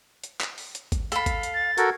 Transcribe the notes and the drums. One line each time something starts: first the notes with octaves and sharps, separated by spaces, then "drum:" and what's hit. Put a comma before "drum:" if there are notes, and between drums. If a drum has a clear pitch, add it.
drum: hi-hat
drum: clap
drum: open hi-hat
drum: hi-hat
drum: kick G#1, hi-hat
A4 F5 B5, drum: hi-hat
drum: kick G#1, hi-hat
drum: hi-hat
A6
F#4 A4 A#4 G#6, drum: hi-hat